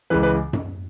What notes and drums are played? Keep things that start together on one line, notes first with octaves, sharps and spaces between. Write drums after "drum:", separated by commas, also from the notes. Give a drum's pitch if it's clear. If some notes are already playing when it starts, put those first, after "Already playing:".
C#2 C#3 E3 B4
B4
drum: tom F#2